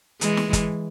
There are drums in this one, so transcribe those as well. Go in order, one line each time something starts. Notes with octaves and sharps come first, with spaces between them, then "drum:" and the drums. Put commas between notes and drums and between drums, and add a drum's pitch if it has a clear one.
E3 G#3, drum: hi-hat
drum: snare
drum: kick G1, hi-hat